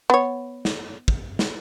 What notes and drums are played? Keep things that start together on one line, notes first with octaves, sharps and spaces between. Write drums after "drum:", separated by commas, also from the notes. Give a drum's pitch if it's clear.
B3 C#5
drum: snare
drum: kick
drum: snare